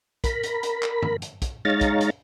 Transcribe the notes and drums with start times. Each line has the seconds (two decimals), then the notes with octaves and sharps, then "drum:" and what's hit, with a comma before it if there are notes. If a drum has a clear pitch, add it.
0.24 A#4 B5, drum: kick, hi-hat
0.43 drum: hi-hat
0.63 drum: hi-hat
0.83 drum: clap
1.02 drum: tom G2
1.22 drum: hi-hat
1.42 drum: kick, hi-hat
1.65 G#3 D#4 C#5 F5 A#5 A6
1.81 drum: kick, hi-hat
2.01 drum: hi-hat